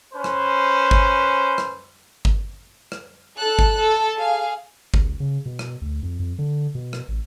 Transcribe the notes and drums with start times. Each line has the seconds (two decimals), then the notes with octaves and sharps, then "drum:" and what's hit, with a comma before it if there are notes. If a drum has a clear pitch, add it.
0.14 C#4 B4 C5
0.24 drum: rim click
0.91 drum: kick G1
1.58 drum: rim click
2.25 drum: kick G1
2.92 drum: rim click
3.37 A4 F#6
3.59 drum: kick G1
3.80 A4
4.19 G#4 F5
4.94 C#2, drum: kick G1
5.20 C#3
5.46 B2
5.59 drum: rim click
5.82 D2
6.03 F2
6.20 F2
6.39 D3
6.75 B2
6.93 drum: rim click
7.08 A1